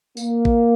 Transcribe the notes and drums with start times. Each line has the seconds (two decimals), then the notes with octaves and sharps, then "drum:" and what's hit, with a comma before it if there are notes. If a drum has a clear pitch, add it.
0.17 A#3, drum: tambourine
0.45 drum: kick A1